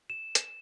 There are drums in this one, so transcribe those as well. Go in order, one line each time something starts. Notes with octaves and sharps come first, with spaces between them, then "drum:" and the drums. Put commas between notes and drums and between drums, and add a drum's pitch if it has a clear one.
E7
drum: hi-hat